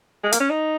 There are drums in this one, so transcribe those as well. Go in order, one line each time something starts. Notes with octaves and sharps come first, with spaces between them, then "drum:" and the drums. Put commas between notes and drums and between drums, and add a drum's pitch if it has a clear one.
G#3
A#3, drum: hi-hat
C#4
D#4